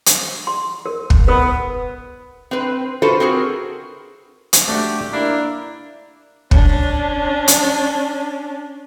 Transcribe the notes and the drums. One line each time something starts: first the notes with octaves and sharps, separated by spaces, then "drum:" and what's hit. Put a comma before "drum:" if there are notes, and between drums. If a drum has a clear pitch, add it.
drum: hi-hat
C6
A#4
drum: kick
B3 A#4 B4 D#6
C4 B4
F4 F#4 A4 B4 C5
C4 F#4 G#4 A#4
drum: hi-hat
A3 D4 F#4 G4
A#3 D4 E4 A#4
C#4 D4, drum: kick
drum: hi-hat